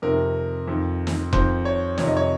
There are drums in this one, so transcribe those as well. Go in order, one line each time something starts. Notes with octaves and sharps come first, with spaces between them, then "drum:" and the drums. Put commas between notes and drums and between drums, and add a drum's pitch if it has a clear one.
F2 C3 D#3 A#4
F2 D#3
drum: snare
F2 D#3 C5, drum: kick F1
C#5
F2 C3 D#3 C#5, drum: snare
D#5
C#5